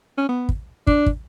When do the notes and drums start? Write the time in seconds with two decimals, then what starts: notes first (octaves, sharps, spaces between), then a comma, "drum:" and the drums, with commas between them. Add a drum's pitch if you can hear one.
0.18 C#4
0.29 B3
0.49 drum: kick
0.87 D4, drum: kick
1.06 drum: kick